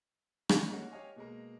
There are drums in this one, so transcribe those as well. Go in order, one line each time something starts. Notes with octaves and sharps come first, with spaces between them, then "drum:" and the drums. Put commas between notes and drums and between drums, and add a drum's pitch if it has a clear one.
drum: rim click
G#3 A#3 C#4 D#4 F#4
G4 C#5 D#5 F5 G#5 C#6
B2 G#3 A#3